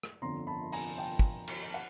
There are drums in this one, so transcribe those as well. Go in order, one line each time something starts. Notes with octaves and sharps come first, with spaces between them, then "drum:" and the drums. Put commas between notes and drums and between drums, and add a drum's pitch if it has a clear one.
drum: rim click
G1 F2 D3 A#5 C6
A5 B5
G#5 A#5, drum: open hi-hat
G5 A5
drum: kick
drum: cymbal
A5
F#5